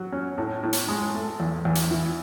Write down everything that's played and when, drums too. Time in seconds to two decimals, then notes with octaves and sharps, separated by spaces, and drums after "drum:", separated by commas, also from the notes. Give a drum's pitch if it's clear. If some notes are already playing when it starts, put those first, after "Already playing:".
Already playing: F#3
0.12 C#4
0.38 A2
0.63 A2
0.73 drum: hi-hat
0.88 G#3
1.14 A3
1.40 E2
1.65 E2
1.75 drum: hi-hat
1.91 E3